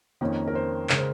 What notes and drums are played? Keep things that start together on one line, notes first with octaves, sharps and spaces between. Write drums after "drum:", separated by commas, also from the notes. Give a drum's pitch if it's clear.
F2 D#3 A#3 C#4
A#4
C5
C#3 G#3 C#4 A#4, drum: clap
C5